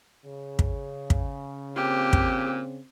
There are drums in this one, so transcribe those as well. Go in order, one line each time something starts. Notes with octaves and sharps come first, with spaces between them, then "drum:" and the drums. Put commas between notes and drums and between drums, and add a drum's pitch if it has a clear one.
C#3
drum: kick
drum: kick
A#2 C4 G4
drum: kick